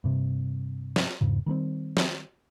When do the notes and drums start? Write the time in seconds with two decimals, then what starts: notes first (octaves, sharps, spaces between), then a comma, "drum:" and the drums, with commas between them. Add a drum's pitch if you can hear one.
0.04 G2 C3
0.96 drum: snare
1.21 E2 G#2 C#3
1.46 D#3 G3 A#3 C4
1.97 drum: snare